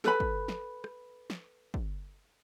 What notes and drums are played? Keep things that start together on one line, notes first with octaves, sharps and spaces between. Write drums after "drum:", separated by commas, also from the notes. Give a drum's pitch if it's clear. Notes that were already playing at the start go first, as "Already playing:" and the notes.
A4 B4 B5, drum: snare
drum: kick
drum: snare
drum: rim click
drum: snare
drum: kick